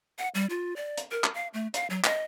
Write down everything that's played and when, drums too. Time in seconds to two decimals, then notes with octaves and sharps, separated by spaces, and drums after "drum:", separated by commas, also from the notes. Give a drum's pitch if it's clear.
0.19 F#5
0.35 G3
0.50 F4
0.76 D5
0.98 drum: hi-hat
1.11 A#4
1.24 drum: clap
1.34 F5
1.54 A3
1.74 F5, drum: hi-hat
1.90 F#3
2.04 D#5, drum: clap